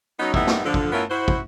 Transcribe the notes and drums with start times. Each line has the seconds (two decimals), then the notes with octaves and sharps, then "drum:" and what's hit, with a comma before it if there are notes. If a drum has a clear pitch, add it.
0.20 F#3 B3 C#4 D#4
0.34 G3 A3 B3 D#4 E4, drum: kick
0.47 drum: snare
0.64 D3 F3
0.74 drum: kick
0.92 A3 B3 C#4 E4 F4 A#4
1.10 E4 F#4 C5
1.28 drum: kick